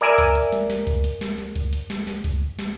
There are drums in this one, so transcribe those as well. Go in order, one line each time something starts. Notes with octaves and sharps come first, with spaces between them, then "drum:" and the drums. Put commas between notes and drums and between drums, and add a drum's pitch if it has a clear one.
A#4 D5 E5 G#5 A#5
drum: kick C#2, hi-hat
drum: hi-hat
drum: snare
drum: snare
drum: kick C#2, hi-hat
drum: hi-hat
drum: snare
drum: snare
drum: kick C#2, hi-hat
drum: hi-hat
drum: snare
drum: snare
drum: kick C#2, hi-hat
drum: snare